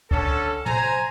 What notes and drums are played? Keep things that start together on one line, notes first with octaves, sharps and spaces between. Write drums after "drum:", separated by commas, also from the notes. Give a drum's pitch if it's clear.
D3 C#4 A4, drum: kick
C5 G#5 A#5, drum: tom